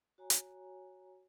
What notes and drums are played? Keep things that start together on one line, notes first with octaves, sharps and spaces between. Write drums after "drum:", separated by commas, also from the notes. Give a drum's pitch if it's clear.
F#4 C#5 G#5 A#5
drum: hi-hat